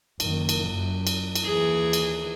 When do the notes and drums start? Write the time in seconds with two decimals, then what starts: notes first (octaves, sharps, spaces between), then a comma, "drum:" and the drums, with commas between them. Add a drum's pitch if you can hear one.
0.20 F#1 D#3 A#3, drum: cymbal
0.49 drum: cymbal
0.70 F#2
1.07 drum: cymbal
1.35 drum: cymbal
1.45 D#2 E3 G#4
1.93 drum: cymbal